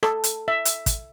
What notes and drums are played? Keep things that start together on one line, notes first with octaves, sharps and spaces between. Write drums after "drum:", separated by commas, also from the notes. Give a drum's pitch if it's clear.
A4, drum: rim click
drum: hi-hat
E5
drum: hi-hat
drum: kick, hi-hat